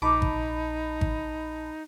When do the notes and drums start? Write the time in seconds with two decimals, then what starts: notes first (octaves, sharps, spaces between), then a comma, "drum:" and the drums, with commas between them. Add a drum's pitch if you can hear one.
0.02 A#1 D#4 A5 B5 D6
0.22 drum: kick G#1
1.01 drum: kick G#1